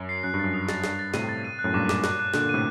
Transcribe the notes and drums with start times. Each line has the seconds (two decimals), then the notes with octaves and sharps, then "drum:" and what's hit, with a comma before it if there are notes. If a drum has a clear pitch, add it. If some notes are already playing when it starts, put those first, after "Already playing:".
Already playing: F#2
0.09 C7
0.23 F#2 F#6
0.34 G2
0.39 F#2 A6
0.54 D#6
0.69 A6, drum: snare
0.84 G2 A6, drum: snare
0.99 A6
1.14 A2 C3 D#7, drum: snare
1.29 A6
1.44 D#7
1.59 F#6
1.64 F#2 A2
1.74 G2 A#2 D6
1.89 D6, drum: snare
2.04 F#6, drum: snare
2.19 F#6
2.34 A#2 D3 F#6, drum: snare
2.49 A2 C3 D#7